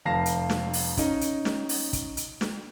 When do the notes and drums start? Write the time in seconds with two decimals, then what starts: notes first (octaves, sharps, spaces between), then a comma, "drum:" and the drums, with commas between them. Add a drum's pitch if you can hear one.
0.05 F1 F2 F5 A5 A#6 C7
0.26 drum: hi-hat
0.50 drum: snare
0.73 drum: open hi-hat
0.97 C#4 D#4, drum: kick, hi-hat
1.21 drum: hi-hat
1.45 drum: snare
1.69 drum: open hi-hat
1.93 drum: kick, hi-hat
2.17 drum: hi-hat
2.41 drum: snare